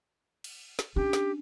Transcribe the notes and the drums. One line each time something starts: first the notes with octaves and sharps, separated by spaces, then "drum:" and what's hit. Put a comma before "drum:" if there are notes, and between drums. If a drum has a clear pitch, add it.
drum: cymbal
drum: snare
C#4 D4 G4
drum: snare